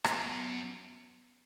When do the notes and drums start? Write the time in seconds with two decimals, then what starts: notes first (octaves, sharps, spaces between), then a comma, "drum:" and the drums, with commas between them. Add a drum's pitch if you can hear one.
0.04 F#2 B3, drum: rim click